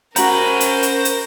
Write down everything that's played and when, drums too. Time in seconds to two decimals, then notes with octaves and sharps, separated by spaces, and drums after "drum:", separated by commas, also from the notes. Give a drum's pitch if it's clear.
0.16 C#4 F#4 A#4 C5 A#5 B5, drum: hi-hat
0.60 drum: hi-hat
0.83 drum: hi-hat
1.05 drum: hi-hat